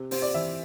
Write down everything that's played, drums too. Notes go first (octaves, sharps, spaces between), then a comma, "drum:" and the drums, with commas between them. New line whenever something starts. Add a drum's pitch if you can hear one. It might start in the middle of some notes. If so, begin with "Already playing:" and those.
Already playing: C3
C3 C5, drum: open hi-hat
D5
E3 E5